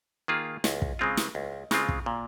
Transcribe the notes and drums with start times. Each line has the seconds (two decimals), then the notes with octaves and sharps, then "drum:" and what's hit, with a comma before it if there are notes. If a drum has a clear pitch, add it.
0.28 D#3 A#3 F4 G#4
0.64 C#2, drum: snare
0.82 drum: kick
0.99 C#3 G#3 C4 F4
1.17 drum: snare
1.35 C#2
1.71 C#3 G#3 C4 F4, drum: snare
1.89 drum: kick
2.06 A#2